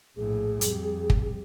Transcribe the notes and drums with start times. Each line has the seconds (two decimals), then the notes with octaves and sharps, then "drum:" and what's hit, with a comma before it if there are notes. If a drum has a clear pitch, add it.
0.17 A#1 A2 G#4
0.61 F2 G3, drum: hi-hat
1.10 drum: kick